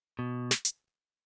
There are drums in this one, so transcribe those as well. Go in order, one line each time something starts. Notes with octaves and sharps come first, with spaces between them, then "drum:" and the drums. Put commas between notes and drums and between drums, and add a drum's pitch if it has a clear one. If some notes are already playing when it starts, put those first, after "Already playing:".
B2
drum: snare
drum: hi-hat